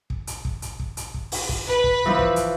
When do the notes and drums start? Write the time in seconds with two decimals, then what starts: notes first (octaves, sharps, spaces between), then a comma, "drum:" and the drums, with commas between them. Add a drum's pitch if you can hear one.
0.10 drum: kick
0.27 drum: hi-hat
0.45 drum: kick
0.62 drum: hi-hat
0.80 drum: kick
0.97 drum: hi-hat
1.14 drum: kick
1.32 drum: open hi-hat
1.49 drum: kick
1.67 B4
1.84 drum: kick
2.06 E3 F3
2.19 drum: kick
2.36 drum: hi-hat